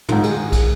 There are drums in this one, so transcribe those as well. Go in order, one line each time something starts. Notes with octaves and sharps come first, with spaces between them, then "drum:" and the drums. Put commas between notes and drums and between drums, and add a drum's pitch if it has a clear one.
G#2 D#3 F4, drum: tom
G#4, drum: cymbal
drum: kick, cymbal